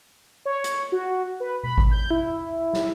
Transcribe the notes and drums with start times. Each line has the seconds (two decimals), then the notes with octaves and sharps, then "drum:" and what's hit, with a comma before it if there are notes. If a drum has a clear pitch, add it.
0.46 C#5
0.64 drum: hi-hat
0.92 F#4
1.40 B4
1.63 B5, drum: tom B2
1.78 drum: kick G#1
1.91 G6
2.11 E4
2.73 drum: snare